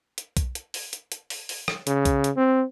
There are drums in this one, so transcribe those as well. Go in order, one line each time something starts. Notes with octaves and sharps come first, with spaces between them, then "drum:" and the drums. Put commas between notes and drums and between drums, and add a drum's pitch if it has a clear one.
drum: hi-hat
drum: kick B1, hi-hat
drum: hi-hat
drum: open hi-hat
drum: hi-hat
drum: hi-hat
drum: open hi-hat
drum: open hi-hat
drum: rim click
C#3, drum: hi-hat
drum: kick B1, hi-hat
drum: hi-hat
C4